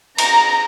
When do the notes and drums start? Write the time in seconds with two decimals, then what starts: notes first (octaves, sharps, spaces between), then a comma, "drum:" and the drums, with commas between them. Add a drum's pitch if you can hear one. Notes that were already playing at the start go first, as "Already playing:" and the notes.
0.18 A#5, drum: cymbal